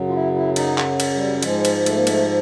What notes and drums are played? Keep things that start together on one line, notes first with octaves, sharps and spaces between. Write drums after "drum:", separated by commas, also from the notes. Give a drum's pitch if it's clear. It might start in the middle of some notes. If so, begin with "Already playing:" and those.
Already playing: F#2 C#3 F#3
F4
E4
E4
D#4, drum: cymbal
drum: clap
drum: cymbal
G3
G#2 F3 G#3, drum: cymbal
drum: cymbal
A3, drum: cymbal
A#3
A3, drum: cymbal